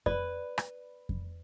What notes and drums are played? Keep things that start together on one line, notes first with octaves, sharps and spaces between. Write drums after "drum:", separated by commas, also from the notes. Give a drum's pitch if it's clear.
B4 D5, drum: kick F2
drum: rim click
drum: kick F2